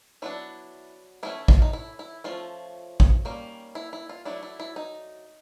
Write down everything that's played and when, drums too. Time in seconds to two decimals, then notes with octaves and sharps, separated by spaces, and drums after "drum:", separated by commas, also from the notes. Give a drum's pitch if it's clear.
0.22 F#3 B3 D4 E4
1.23 E3 A3 C#4 E4
1.48 F4, drum: kick A1
1.62 D#4
1.73 E4
1.99 E4
2.24 F3 A3 C#4 F4
3.00 drum: kick A1
3.25 D#3 G3 A#3 C#4
3.75 E4
3.93 E4
4.09 F4
4.25 F#3 A3 D4 E4
4.43 E4
4.60 E4
4.76 D#4